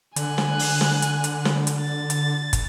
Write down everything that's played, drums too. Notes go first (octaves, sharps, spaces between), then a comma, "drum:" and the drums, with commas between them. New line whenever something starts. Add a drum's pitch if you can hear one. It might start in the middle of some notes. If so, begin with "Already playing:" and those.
D3 G#5 F#6, drum: hi-hat
drum: snare
drum: open hi-hat
drum: snare
drum: hi-hat
drum: hi-hat
drum: snare
drum: hi-hat
A6
drum: hi-hat
drum: kick, hi-hat